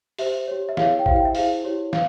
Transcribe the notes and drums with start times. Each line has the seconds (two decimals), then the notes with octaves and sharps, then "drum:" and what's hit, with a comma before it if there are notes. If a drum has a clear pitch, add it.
0.18 G4 C5 E5, drum: open hi-hat
0.48 G4 C#5
0.69 E5
0.77 E4 G#4 C#5 F5, drum: snare
0.99 G5
1.06 E4 G4 C5 F5, drum: kick A1
1.16 G5
1.25 E5
1.35 E4 G#4 C5 F5, drum: open hi-hat
1.64 E4 G4 C#5
1.93 F5, drum: snare